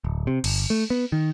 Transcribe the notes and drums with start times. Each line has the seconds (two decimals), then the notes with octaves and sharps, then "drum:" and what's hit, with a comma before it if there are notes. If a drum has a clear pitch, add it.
0.04 D1
0.27 C3
0.44 G1, drum: cymbal
0.70 A3
0.90 B3
1.12 D#3